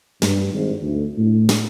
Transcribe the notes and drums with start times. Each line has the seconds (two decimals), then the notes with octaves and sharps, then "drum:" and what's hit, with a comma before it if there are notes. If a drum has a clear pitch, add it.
0.22 G2, drum: snare
0.53 G#1
0.81 D2
1.17 A2
1.49 drum: snare